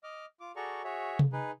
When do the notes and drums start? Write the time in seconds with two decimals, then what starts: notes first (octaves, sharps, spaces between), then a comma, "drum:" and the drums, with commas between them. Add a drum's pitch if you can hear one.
0.03 D#5 D6 F6
0.40 F4 D6
0.56 F#4 G#4 A4 D5 A#5 C#6
0.84 F#4 G#4 C#5 E5
1.19 drum: tom C3
1.33 D#4 G#4 B4